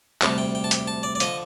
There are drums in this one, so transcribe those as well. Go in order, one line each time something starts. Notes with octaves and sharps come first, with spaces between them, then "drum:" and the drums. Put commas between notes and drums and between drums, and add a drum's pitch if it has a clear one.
D2 C3 G3 A5, drum: clap
G5
G5
A5
G5, drum: hi-hat
A5
D5
D5
D3 F3 D#5, drum: hi-hat